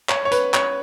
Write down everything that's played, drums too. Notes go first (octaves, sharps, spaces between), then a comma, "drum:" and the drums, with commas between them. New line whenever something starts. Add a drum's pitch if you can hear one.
C#5, drum: clap
C#5
B4, drum: hi-hat
C#5, drum: clap